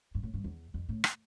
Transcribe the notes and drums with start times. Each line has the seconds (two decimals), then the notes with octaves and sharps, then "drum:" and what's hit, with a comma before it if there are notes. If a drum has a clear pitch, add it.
0.15 G2
0.23 A2
0.34 G2
0.44 E2
0.74 F2
0.89 A2
1.04 drum: rim click